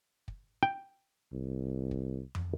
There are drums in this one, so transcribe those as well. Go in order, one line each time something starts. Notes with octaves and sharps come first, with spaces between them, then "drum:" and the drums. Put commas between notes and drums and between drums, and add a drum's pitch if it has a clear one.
drum: kick
G5
C2
drum: kick
drum: tom F2